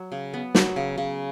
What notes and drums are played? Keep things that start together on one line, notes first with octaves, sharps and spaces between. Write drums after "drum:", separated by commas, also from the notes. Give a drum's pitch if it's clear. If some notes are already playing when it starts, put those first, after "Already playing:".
Already playing: F#3
C#3
B3
F#3, drum: snare
C#3
C#3